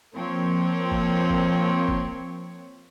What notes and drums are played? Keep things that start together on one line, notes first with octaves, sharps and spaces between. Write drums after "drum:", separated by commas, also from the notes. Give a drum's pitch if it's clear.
F3 A#3 C4 C#5
drum: kick
drum: kick
drum: kick